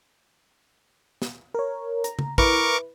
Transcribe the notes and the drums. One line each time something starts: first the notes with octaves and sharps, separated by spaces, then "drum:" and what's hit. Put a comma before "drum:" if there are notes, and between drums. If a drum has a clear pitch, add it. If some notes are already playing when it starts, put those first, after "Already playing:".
drum: snare
A#4 C#5
A#5, drum: hi-hat
drum: tom C#3
E4 A#4 B4 C#6 D6, drum: kick